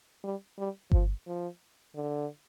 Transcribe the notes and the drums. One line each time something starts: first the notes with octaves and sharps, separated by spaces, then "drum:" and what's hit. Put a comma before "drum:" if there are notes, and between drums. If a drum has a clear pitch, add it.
G3
G3
F3, drum: kick G1
F3
D3